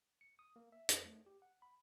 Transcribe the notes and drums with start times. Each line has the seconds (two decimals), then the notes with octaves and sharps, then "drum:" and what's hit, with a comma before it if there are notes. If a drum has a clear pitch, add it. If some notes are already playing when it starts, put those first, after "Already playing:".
0.21 C#7
0.39 D#6
0.56 A#3
0.72 E5
0.89 F2, drum: hi-hat
1.05 A3
1.26 G4
1.42 F#5
1.62 B5